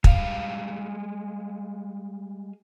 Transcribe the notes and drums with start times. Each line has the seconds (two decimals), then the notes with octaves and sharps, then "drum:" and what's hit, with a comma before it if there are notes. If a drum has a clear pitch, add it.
0.04 G3 G#3 F5, drum: kick